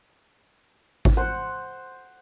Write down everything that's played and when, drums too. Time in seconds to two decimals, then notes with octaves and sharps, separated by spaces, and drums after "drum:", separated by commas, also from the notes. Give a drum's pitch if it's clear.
1.05 drum: kick G#1
1.17 C5 F#5